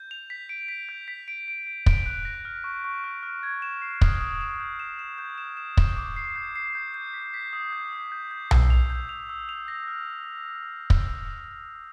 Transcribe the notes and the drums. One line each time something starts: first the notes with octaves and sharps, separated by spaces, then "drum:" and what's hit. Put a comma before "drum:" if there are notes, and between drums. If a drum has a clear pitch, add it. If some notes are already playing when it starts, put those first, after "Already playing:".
Already playing: G6
F7
B6
D7
B6
G6
B6
D7
D7
D7
D7, drum: kick
F#6
A#6
F6
C#6
C#6
F6
F6
G#6
E7
C7
D#6, drum: kick
D#6
E7
G6
E7
E7
G6
E7
E7
E7, drum: kick
D6
C7
G6
C7
G6
G6
B6
B6
D#6
G6
D#6
G6
G6
E6, drum: tom B1
F7
G6
F7
E6
F7
A#6
F6
drum: kick